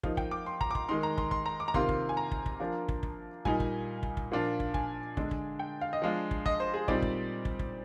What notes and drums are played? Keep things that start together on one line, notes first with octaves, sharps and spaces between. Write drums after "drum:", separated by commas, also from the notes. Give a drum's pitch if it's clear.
F3 A#3 D#4 F5, drum: kick
G5, drum: kick
D6
C6
A#5, drum: kick
D6
C6, drum: kick
D#3 G#3 D#4 C6
A#5
C6, drum: kick
C6, drum: kick
A#5
D6
A#5
C3 D#3 A#3 F4 C6, drum: kick
drum: kick
G#5
A#5
drum: kick
drum: kick
F3 A#3 D4 F4
drum: kick
drum: kick
A#2 G3 A#3 D#4 G#5, drum: kick
drum: kick
drum: kick
drum: kick
A#2 F3 A#3 D4 F4
drum: kick
G#5, drum: kick
D3 G#3 D4, drum: kick
drum: kick
G5
F5
D#5
F3 G#3 D4 F5
drum: kick
D#5, drum: kick
C5
G#4
A#2 G3 C4 D#4 D5, drum: kick
drum: kick
drum: kick
drum: kick